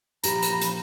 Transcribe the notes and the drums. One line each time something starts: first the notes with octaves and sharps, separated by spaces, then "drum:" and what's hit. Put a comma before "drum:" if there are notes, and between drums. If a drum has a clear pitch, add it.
A#2 F3 G4 A#5 B5 G6, drum: hi-hat
drum: hi-hat
drum: hi-hat